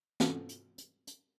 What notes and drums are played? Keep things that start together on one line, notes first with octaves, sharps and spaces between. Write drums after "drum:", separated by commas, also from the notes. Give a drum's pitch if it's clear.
E3 C4 C#4 F4 F#4 A4, drum: snare
drum: hi-hat
drum: hi-hat
drum: hi-hat